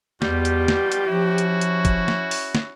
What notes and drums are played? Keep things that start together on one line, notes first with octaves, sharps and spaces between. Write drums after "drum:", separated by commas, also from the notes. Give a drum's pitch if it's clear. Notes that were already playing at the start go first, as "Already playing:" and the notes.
E2 B2 G3 F4 G4, drum: snare
drum: hi-hat
drum: snare
drum: hi-hat
F3 C#4 E4 F#4
drum: hi-hat
drum: hi-hat
drum: kick, hi-hat
drum: snare
drum: open hi-hat
drum: snare